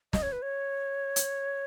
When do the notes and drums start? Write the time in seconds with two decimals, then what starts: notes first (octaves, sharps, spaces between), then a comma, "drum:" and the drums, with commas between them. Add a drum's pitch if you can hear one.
0.13 D#5, drum: snare
0.23 C#5
0.32 B4
0.42 C#5
1.16 drum: hi-hat